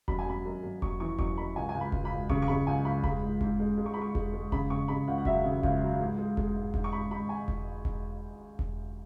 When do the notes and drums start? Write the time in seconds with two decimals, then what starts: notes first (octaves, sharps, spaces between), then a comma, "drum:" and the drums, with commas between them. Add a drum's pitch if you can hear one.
0.08 F#2 B5, drum: kick E1
0.19 G#5
0.26 F#2 B5
0.45 F#2
0.63 F#2
0.82 F#2 C#6, drum: kick E1
1.00 E3 C#6
1.19 F#2 C#6, drum: kick E1
1.38 F#2 B5
1.56 C#2 G#5
1.69 G#5
1.74 C#2
1.81 B5
1.92 C#2, drum: kick E1
2.05 B5
2.11 C#2
2.29 C#3 C#6, drum: kick E1
2.42 C#6
2.48 C#3 B5
2.67 C#2 G#5
2.85 C#2 B5
3.04 G#3 B5, drum: kick E1
3.22 G#2
3.41 G#2, drum: kick E1
3.59 G#3
3.77 G#3
3.86 C#6
3.94 G#3 B5
4.02 C#6
4.15 G#3, drum: kick E1
4.33 G#3
4.52 C#3 B5, drum: kick E1
4.70 C#3 C#6
4.88 C#3 B5
5.07 C#2 F#5
5.18 F#5
5.25 F#3 E5, drum: kick E1
5.44 C#3
5.63 C#2, drum: kick E1
5.81 F#3
6.00 G#2
6.18 G#3
6.37 G#3, drum: kick E1
6.56 G#2
6.74 G#2, drum: kick E1
6.84 C#6
6.92 G#2 B5
7.11 G#2 B5
7.29 G#5
7.48 drum: kick E1
7.85 drum: kick E1
8.59 drum: kick E1